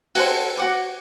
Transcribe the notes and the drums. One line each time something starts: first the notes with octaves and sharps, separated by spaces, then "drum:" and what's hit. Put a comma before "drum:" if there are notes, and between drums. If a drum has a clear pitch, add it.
F#4 A4 C6, drum: open hi-hat
F#4 F#5 D6